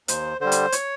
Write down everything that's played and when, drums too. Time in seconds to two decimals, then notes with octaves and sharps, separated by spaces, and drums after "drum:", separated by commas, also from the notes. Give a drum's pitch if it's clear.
0.08 D#2 C5, drum: hi-hat
0.41 D3 G3 C5
0.52 drum: hi-hat
0.72 C#5, drum: hi-hat